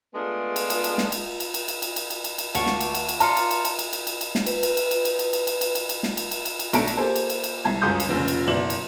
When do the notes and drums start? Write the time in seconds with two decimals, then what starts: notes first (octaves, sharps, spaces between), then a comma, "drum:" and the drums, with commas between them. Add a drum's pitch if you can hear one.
0.14 G#3 A3 B3 D4 F4 G#4
0.56 drum: cymbal
0.70 drum: cymbal
0.84 drum: cymbal
0.98 drum: snare
1.12 drum: cymbal
1.40 drum: cymbal
1.54 drum: cymbal
1.68 drum: cymbal
1.82 drum: cymbal
1.96 drum: cymbal
2.10 drum: cymbal
2.24 drum: cymbal
2.38 drum: cymbal
2.55 D2 D5 F5 F#5 A5 C#6, drum: cymbal
2.66 drum: snare
2.80 drum: cymbal
2.94 drum: cymbal
3.09 drum: cymbal
3.20 F4 D5 A5 A#5 C6 C#7, drum: cymbal
3.37 drum: cymbal
3.51 drum: cymbal
3.65 drum: cymbal
3.79 drum: cymbal
3.93 drum: cymbal
4.07 drum: cymbal
4.21 drum: cymbal
4.35 drum: snare
4.46 B4, drum: cymbal
4.63 drum: cymbal
4.77 drum: cymbal
4.91 drum: cymbal
5.05 drum: cymbal
5.19 drum: cymbal
5.33 drum: cymbal
5.47 drum: cymbal
5.61 drum: cymbal
5.75 drum: cymbal
5.89 drum: cymbal
6.03 drum: snare
6.17 drum: cymbal
6.31 drum: cymbal
6.45 drum: cymbal
6.59 drum: cymbal
6.73 B1 A3 D4 A5 C#7 D7, drum: cymbal
6.87 drum: cymbal
6.96 A#3 G4 A4 C5 G#5
7.16 drum: cymbal
7.30 drum: cymbal
7.44 drum: cymbal
7.64 C2 A5 G#6
7.82 G1 C#2 F#2 G#4 D#6 G6
8.00 drum: cymbal
8.09 F1 A#1 C#3
8.28 drum: cymbal
8.47 F#1 B2 E4 D5 E7 F#7
8.70 drum: cymbal